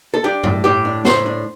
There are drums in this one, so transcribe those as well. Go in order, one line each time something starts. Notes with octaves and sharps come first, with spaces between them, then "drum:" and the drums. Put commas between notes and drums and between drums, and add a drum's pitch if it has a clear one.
A4
D4 G4
A2, drum: tom G2
A2 G4
D4
A2 C5, drum: snare
D4